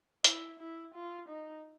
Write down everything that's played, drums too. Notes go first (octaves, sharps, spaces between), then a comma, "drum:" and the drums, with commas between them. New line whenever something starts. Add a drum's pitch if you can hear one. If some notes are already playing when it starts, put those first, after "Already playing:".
E4, drum: hi-hat
E4
F4
D#4